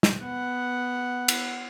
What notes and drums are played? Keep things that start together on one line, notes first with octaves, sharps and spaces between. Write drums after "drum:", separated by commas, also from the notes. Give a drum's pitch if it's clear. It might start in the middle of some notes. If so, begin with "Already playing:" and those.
drum: snare
B3 F#5
drum: cymbal